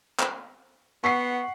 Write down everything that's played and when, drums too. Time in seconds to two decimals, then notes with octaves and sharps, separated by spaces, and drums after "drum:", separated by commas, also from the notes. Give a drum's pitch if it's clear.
0.20 drum: clap
1.04 B3 F#5 C#6 B6 C7